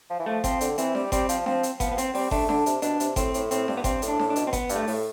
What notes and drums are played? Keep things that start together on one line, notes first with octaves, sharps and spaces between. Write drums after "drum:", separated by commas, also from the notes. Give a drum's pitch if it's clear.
F3
E3
F3 A3
F3 C4, drum: kick G1, hi-hat
D3, drum: hi-hat
E3 C4, drum: hi-hat
G3, drum: snare D4
G3 C4, drum: kick G1, hi-hat
F3, drum: hi-hat
F3 C4, drum: snare D4
drum: hi-hat
F3 B3, drum: kick G1, hi-hat
B3
C4, drum: hi-hat
G3 C4, drum: open hi-hat
A3 D4, drum: kick G1, open hi-hat
D3 D4, drum: snare D4
C3, drum: hi-hat
B2 D4, drum: hi-hat
C3, drum: hi-hat
A2 C4, drum: kick G1, hi-hat
A2, drum: hi-hat
A2 C4, drum: hi-hat
G2, drum: snare D4
B3
G2 C4, drum: kick G1, hi-hat
A2, drum: hi-hat
D4
A2, drum: snare D4
D4
B2, drum: hi-hat
C4
B3, drum: kick G1, hi-hat
G2, drum: hi-hat
A3
A2, drum: open hi-hat